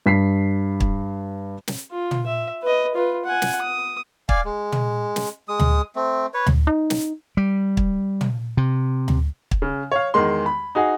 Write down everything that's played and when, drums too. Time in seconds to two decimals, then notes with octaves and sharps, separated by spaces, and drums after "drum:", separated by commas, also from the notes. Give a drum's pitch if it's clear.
0.06 G2 B6 C7
0.80 drum: kick
1.68 drum: snare
1.91 F4
2.11 drum: tom
2.26 E5
2.63 B4 D#5
2.95 F4 B4
3.25 F#5 G#5
3.42 drum: snare
3.61 D#6
4.29 D5 F5 G#5, drum: kick
4.45 G#3
4.72 drum: tom
5.16 drum: snare
5.48 G#3 D#6
5.59 drum: tom D2
5.96 A3 C4
6.34 B4 C#5
6.47 drum: tom D2
6.67 D#4
6.90 drum: snare
7.37 G3
7.77 drum: kick
8.21 drum: tom
8.57 C3
9.08 drum: tom D2
9.51 drum: kick
9.62 C#3
9.92 C#5 F5
10.14 E2 D#3 G#3 C6
10.46 B5
10.75 D#4 F#4 G#4